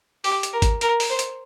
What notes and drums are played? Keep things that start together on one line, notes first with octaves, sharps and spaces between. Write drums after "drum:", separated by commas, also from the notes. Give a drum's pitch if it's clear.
G4, drum: open hi-hat
drum: hi-hat
A#4
drum: kick, hi-hat
A#4, drum: hi-hat
drum: open hi-hat
C5
drum: hi-hat